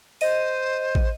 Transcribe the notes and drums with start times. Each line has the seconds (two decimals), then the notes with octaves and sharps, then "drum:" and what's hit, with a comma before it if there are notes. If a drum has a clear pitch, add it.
0.21 C5 D#5 D#7, drum: open hi-hat
0.95 drum: kick